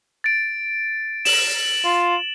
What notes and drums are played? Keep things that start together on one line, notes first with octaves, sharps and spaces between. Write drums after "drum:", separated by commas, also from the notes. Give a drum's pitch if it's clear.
A6 D7
E7 F#7, drum: open hi-hat
F4